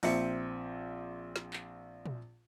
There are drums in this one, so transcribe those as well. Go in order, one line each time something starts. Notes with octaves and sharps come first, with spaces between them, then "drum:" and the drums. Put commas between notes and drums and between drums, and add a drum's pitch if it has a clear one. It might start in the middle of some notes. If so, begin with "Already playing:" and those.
A#1 C4 E5 C#7, drum: open hi-hat
drum: snare
drum: clap
drum: tom A#2